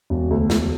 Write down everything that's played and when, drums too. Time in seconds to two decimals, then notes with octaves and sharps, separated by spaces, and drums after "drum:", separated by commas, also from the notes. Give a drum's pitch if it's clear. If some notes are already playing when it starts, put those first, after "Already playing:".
0.10 E1
0.30 D2
0.50 E1, drum: snare